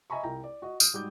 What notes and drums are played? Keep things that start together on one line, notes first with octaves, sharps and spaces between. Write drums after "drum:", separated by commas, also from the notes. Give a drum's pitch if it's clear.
D#5 E5 G#5 A#5 B5 C#6
C2 G5 A#5
D5
F#4 D#5
D#6 F6 G6, drum: tambourine
G#2 G3 F#4 D6 G6